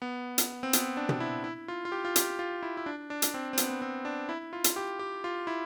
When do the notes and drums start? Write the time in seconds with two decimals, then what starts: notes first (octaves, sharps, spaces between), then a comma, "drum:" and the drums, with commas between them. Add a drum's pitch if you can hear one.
0.02 B3
0.38 drum: hi-hat
0.63 C4
0.73 B3, drum: hi-hat
0.97 D4
1.09 drum: tom
1.20 E4
1.44 E4
1.68 F4
1.85 F4
1.92 G4
2.05 F4
2.16 G4, drum: hi-hat
2.39 F4
2.63 E4
2.77 E4
2.86 D4
3.10 D4
3.22 drum: hi-hat
3.34 C4
3.53 C4
3.58 B3, drum: hi-hat
3.70 B3
3.82 C4
4.05 D4
4.29 E4
4.53 F4
4.64 drum: hi-hat
4.76 G4
4.99 G4
5.24 F4
5.47 E4